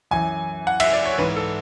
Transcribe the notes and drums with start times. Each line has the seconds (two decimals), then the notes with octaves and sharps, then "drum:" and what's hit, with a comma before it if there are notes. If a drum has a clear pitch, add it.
0.11 F#2 E3 G#5
0.67 F#5
0.80 E5, drum: cymbal
0.93 D5
1.05 C#5
1.18 G#2 E3 B4
1.36 A4